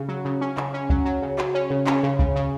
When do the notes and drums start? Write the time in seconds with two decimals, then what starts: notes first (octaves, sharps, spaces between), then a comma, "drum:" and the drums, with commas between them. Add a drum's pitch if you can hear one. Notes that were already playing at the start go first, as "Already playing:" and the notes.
Already playing: C#3
0.09 F#3
0.25 C#3
0.41 C#4
0.57 C#3, drum: clap
0.74 C#4
0.90 F#3, drum: kick C2
1.05 F#3
1.22 C#3
1.38 F#3, drum: clap
1.55 C#4
1.70 C#3
1.87 C#4, drum: clap
2.03 C#3
2.19 C#3, drum: kick C2
2.36 C#3